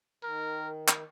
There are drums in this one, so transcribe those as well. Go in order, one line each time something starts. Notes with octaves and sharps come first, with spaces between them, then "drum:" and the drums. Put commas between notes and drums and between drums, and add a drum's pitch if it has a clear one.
D#3 A#4
drum: clap